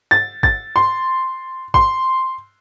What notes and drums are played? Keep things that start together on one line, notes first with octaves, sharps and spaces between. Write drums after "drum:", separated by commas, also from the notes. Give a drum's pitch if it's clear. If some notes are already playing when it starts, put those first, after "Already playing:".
A6
A6, drum: kick
C6
C6, drum: kick